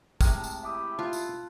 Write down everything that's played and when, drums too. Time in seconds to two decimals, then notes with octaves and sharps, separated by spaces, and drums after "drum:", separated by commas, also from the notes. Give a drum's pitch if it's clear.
0.21 A2 C3 G#3 G5 A5 F6, drum: kick, tambourine
0.44 drum: tambourine
0.63 E4 G4 E5 D6 D#6
0.99 F4 A5 F#6
1.13 drum: tambourine